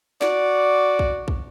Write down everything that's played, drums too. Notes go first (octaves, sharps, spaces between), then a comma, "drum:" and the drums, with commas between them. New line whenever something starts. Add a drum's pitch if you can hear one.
F#4 D5, drum: snare
drum: kick
drum: kick